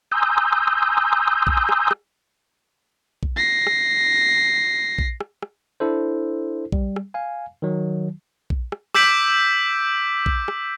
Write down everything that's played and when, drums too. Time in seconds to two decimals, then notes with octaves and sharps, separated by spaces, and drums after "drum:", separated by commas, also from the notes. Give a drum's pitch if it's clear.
0.11 G#5 A#5 C6 D#6 E6 G6
1.47 drum: kick A#1
1.69 drum: rim click
1.91 drum: rim click
3.23 drum: kick A#1
3.37 A#6 C7
3.67 drum: rim click
4.99 drum: kick A#1
5.21 drum: rim click
5.42 drum: rim click
5.80 D4 E4 A4 C5
6.72 G3, drum: kick A#1
6.96 drum: rim click
7.14 F5 G#5
7.62 D#3 F#3
8.50 drum: kick A#1
8.72 drum: rim click
8.94 D6 E6 G6 B6 D7 F#7, drum: rim click
10.26 drum: kick A#1
10.48 drum: rim click